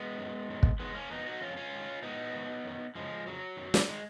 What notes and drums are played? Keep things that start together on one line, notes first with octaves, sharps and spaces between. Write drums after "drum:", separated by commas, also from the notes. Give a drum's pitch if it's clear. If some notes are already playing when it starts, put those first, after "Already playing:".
Already playing: G#3 B3
F#2 D#3
F#2 D#3
drum: kick
G#2 D#3 G#3 B3
A#3 C#4
F2 D#3 B3 D#4
D#4 F#4
F2 D#3 C#4 F4
C#4 F4
G#2 D#3
G#2 D#3 B3 D#4
G#2 D#3
F#2 D#3
F#2 C#3 F3 G#3
F2 C#3 F#3
F#2 D#3
drum: snare
D#3 G#3